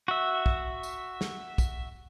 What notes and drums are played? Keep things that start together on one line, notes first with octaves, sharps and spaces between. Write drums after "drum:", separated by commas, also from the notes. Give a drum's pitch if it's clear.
F#4 E5
drum: kick
drum: tambourine
drum: snare
drum: kick, tambourine